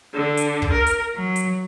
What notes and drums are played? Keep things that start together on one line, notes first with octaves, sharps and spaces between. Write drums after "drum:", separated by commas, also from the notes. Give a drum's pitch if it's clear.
D3
drum: hi-hat
drum: kick
A#4
drum: hi-hat
F#3
drum: hi-hat